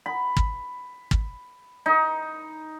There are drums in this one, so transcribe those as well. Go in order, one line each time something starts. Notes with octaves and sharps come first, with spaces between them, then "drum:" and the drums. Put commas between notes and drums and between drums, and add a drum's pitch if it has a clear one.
B5
drum: kick
drum: kick
D#4